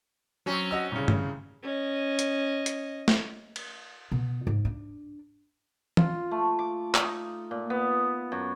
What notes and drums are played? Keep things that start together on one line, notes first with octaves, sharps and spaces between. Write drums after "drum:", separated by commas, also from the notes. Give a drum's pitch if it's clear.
F#3 C4 C#4
F#4 D#5 E6
C2 C#3
drum: tom G2
C#4 D#5
drum: hi-hat
drum: hi-hat
drum: snare
drum: cymbal
B2
G#2
D4
F4, drum: tom
A3
D6
D#4, drum: clap
A#2
B3
F#2